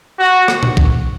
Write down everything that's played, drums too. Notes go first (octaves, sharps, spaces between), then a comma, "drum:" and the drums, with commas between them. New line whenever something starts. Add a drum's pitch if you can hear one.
F#4
drum: rim click
drum: tom A#2
drum: kick